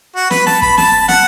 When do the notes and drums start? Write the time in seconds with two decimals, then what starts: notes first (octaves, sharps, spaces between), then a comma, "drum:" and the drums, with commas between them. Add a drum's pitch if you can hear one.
0.16 F#4
0.31 B4, drum: snare
0.47 A5, drum: snare
0.62 B5, drum: kick
0.78 A5, drum: snare
1.09 F#5, drum: snare